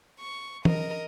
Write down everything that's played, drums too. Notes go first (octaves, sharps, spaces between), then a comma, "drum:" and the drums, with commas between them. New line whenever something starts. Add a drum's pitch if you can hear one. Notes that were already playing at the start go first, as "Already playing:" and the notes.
C#6
A#4 D#5, drum: tom E3